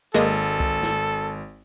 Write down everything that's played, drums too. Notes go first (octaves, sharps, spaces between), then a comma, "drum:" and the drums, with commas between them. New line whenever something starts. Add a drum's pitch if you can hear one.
G#1 G#3 A#3 A4 D#5
drum: kick C2
drum: snare